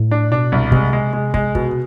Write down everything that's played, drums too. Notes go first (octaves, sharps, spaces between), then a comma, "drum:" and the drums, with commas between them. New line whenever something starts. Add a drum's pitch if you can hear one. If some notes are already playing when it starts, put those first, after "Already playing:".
Already playing: A2
D4
B2 D4
C2
C3 G#3, drum: kick
G#3
G#3
G#3, drum: kick
B2, drum: kick